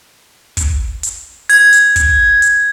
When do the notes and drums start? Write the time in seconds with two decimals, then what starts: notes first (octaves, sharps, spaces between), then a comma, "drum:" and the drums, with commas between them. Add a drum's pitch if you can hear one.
0.57 drum: kick, hi-hat
1.03 drum: hi-hat
1.49 G#6, drum: open hi-hat
1.73 drum: hi-hat
1.96 drum: kick, hi-hat
2.42 drum: hi-hat